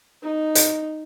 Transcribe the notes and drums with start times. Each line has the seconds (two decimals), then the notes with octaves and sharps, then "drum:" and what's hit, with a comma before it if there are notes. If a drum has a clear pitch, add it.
0.23 D#4
0.55 drum: hi-hat